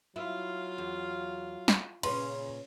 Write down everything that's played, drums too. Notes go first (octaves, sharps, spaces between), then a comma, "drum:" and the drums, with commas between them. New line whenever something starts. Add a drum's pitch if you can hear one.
F#3 E4 F4 F5
E2
drum: snare
A#2 C#3 C#4 B4 C6, drum: cymbal